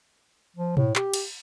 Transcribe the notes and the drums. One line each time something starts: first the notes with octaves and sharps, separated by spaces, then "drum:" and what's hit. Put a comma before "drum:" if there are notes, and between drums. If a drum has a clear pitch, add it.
F3
A2, drum: tom B2
G4, drum: clap
drum: cymbal